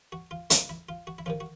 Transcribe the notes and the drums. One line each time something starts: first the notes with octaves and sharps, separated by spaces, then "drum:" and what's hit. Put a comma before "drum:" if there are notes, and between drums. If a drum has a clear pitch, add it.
F#4
F4
C#2 C#3 F#3 A3 C#4 F4, drum: hi-hat
E4
F4
F#4
E4
F2 C3 D#3 F4
F#4